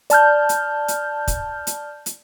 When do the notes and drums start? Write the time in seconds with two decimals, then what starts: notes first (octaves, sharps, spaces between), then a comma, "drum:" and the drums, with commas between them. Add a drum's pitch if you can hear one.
0.10 D5 A5 F6 G6, drum: hi-hat
0.49 drum: hi-hat
0.88 drum: hi-hat
1.28 drum: kick, hi-hat
1.67 drum: hi-hat
2.06 drum: hi-hat